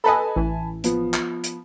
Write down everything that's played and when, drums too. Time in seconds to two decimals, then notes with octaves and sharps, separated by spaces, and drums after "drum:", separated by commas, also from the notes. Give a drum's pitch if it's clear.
0.04 A4 B4 D#5 G#5 A5 B5
0.36 A1 E3
0.84 F3 B3, drum: hi-hat
1.14 drum: clap
1.44 drum: hi-hat